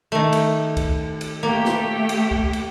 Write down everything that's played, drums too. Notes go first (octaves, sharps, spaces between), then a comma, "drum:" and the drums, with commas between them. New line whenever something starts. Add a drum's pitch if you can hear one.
D#3 A3
drum: cymbal
drum: kick, cymbal
drum: cymbal
A3 A#3 G4
drum: snare
drum: cymbal
drum: kick
drum: cymbal